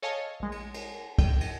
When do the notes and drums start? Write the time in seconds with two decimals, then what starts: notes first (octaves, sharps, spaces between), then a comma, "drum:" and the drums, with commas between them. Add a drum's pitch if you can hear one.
0.02 A4 C#5 D#5 F5 G#5 A5
0.40 A#1 G#3
0.52 drum: cymbal
0.74 drum: cymbal
1.18 G5, drum: kick, cymbal
1.41 drum: cymbal